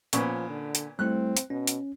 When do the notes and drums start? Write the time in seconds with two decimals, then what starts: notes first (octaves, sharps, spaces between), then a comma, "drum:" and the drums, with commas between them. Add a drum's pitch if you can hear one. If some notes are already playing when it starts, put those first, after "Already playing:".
0.13 A#2 F3 B3 C#4, drum: hi-hat
0.49 D3
0.75 drum: hi-hat
0.99 G3 A3 C4 E4 F#6
1.37 drum: hi-hat
1.50 B2 C#4
1.67 drum: hi-hat